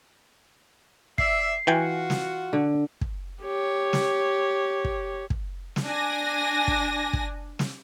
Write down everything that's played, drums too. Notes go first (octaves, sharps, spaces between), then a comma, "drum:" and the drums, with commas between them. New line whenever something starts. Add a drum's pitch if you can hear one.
D5 E5 C7, drum: kick
E3 F4 F#4 G5 G#5
drum: snare
D3
drum: kick
G4 C#5
drum: snare
drum: kick
drum: kick
drum: snare
D4 G#5 A#6
drum: kick
drum: kick
drum: snare